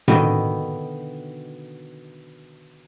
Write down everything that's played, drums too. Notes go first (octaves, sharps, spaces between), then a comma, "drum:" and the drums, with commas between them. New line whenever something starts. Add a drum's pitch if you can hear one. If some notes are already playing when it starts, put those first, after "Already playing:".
B2 D3 D#3, drum: tom A2